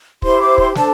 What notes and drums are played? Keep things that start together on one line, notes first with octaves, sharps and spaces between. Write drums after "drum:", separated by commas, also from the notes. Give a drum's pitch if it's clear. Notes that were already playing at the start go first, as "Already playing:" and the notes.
E4 G4 C5 C6, drum: kick
D6
C6, drum: kick
D4 A4 C5 A5, drum: snare